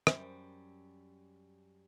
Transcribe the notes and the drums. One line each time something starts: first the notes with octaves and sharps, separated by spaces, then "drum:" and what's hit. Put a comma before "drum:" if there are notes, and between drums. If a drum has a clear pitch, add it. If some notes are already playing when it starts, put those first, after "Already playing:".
F#2 G3, drum: rim click